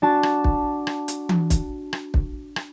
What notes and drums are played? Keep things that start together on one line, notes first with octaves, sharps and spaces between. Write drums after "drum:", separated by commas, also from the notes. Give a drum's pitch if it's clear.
D4 F#4 A5
drum: rim click
drum: kick
drum: rim click
drum: hi-hat
drum: tom E3
drum: kick, hi-hat
drum: rim click
drum: kick
drum: rim click